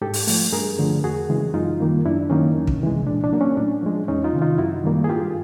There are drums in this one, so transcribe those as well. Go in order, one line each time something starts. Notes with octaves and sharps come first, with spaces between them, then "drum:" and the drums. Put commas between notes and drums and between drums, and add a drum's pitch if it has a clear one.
G#2 G4 A4
drum: open hi-hat
F3 A3, drum: open hi-hat
G2 G#4 A#4
D3 F3 A3
E2 F#4 G#4
C#3 E3 G#3
F#2 D#4 F4
D#3 G3 A#3
F#2 D4 E4
D#3 F#3 A#3 C#4 D#4
E2
drum: kick
C3 E3 G#3
A#2 D4
D4
F#3 A#3
C#4
A2 D4
F3 G#3
E2 C#4 D#4
D#4 F4
C3 D#3
D#4 F4
F#2 E4 F#4
D#3 G3 A#3
G#4
G2 F4 G4